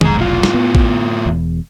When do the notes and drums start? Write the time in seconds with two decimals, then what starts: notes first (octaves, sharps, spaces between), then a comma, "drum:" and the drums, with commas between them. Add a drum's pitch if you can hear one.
0.01 F1 B1 G#3 A#5, drum: tom D#3
0.18 A2 F4
0.43 drum: snare
0.54 B3
0.75 drum: kick A1
1.26 E1 E2